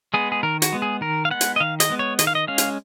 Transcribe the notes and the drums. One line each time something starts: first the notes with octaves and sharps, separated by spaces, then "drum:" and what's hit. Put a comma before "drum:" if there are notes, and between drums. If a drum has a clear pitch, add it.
G#3 B3 G#4
G#4
D#3 A#4
F#4, drum: hi-hat
G#3 B3
G#4
D#3 A#4
F5
G#3 B3 F#5
drum: hi-hat
D#5
D#3 F5
D#5, drum: hi-hat
G#3 B3
C#5
D#3 D#5, drum: hi-hat
F5
D#5
G#3 C#4 F5
drum: hi-hat